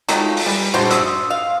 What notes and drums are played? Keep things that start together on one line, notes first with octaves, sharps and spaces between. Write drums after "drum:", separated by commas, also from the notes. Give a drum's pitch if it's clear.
D#3 F#3 G#3 A3 D#4 F4, drum: hi-hat
drum: open hi-hat
E3 G3
A#1 G2 D4 F#4 C5
C6 D#6 E6, drum: hi-hat
F5